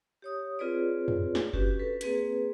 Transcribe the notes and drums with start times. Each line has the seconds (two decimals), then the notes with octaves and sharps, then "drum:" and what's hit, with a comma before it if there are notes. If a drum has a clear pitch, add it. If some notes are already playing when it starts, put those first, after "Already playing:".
0.22 G4 C#5 D#6
0.59 C4 F4 G#4 B4 C#5 D5
1.08 drum: tom
1.35 drum: snare
1.53 C#4 D4 F#4 G4 B4, drum: kick F#1
1.79 A4 B4
2.01 A#3 C4 G#4 B4, drum: hi-hat